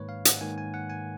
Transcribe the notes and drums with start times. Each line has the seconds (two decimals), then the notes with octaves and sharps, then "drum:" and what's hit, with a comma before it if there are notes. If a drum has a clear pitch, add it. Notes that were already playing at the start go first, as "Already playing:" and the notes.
Already playing: G#2 D#3 A#3 B4 C#5
0.09 F5
0.25 F#5, drum: hi-hat
0.41 G#2 D#3 A#3 G#5
0.58 G#5
0.74 F#5
0.90 G#5